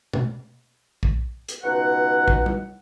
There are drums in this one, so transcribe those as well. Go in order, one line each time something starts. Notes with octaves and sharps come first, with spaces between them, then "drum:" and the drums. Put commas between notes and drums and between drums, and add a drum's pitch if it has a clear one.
drum: tom
drum: kick
drum: hi-hat
C#2 B2 D#4 F#5
drum: kick
drum: tom